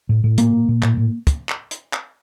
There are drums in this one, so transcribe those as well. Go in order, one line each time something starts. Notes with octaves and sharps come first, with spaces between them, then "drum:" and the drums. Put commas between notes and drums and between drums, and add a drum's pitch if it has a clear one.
A2
A2
A#2 A#3, drum: hi-hat
A#2
A#2
A2, drum: clap
A2
drum: kick, hi-hat
drum: clap
drum: hi-hat
drum: clap